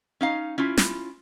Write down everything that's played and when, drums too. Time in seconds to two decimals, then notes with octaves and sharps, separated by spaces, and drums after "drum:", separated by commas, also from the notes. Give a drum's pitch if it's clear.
0.21 C#4 D#4 F5
0.58 C#4 E4 F4
0.77 drum: snare